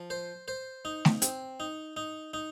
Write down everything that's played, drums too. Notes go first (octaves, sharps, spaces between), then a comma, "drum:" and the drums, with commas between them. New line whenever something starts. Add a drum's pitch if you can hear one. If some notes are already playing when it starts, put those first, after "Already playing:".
Already playing: F3
C5
C5
D#4
drum: snare A3
C4, drum: hi-hat
D#4
D#4
D#4